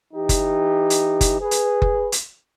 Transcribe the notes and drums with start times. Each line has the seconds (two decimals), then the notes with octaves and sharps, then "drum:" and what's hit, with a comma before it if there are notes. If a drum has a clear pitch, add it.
0.14 E3 D#4 G4
0.29 drum: kick F#1, hi-hat
0.90 drum: hi-hat
1.21 drum: kick F#1, hi-hat
1.41 G#4 B4
1.51 drum: hi-hat
1.82 drum: kick F#1
2.12 drum: hi-hat